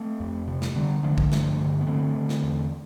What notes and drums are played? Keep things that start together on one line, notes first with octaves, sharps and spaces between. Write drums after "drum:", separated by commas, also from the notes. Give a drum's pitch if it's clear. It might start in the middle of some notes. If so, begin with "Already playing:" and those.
Already playing: A3 C4
F2
C3
drum: snare
D3 G3 B3
D3 F3 A3
drum: kick
G2 F3 A3, drum: snare
D3
B3
D3 A3 C4
D3
drum: snare
E2